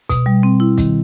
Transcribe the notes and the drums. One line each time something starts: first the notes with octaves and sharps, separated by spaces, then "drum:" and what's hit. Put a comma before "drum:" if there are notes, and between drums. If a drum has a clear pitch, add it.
B2, drum: kick, hi-hat
G3
C4
E4
D#3, drum: kick, hi-hat